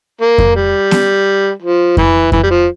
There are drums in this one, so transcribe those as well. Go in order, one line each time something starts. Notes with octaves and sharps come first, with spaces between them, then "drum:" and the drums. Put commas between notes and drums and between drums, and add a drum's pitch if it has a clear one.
A#3
drum: kick F2
G3
drum: snare B3
F3
E3, drum: kick F2
E3, drum: kick F2
G3
F3